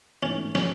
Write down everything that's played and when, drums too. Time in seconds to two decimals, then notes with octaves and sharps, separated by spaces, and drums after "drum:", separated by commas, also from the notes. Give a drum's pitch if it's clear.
0.23 G#2 E3 A3 C#4 D4
0.55 C#4, drum: snare